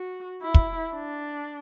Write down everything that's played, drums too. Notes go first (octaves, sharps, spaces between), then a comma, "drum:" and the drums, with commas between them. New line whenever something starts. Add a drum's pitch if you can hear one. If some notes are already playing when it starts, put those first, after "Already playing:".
Already playing: F#4
E4
drum: kick
D4